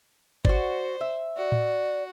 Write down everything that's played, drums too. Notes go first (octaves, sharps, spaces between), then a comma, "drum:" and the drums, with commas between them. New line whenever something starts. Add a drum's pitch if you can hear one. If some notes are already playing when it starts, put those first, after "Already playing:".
F#4 C5 D5, drum: kick
E5
F#4 D5
drum: tom A2